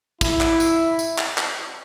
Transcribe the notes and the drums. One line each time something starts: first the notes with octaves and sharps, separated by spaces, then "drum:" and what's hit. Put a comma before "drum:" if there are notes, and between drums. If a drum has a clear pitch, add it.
E4, drum: kick, tambourine
drum: clap
drum: tambourine
drum: tambourine
drum: clap
drum: clap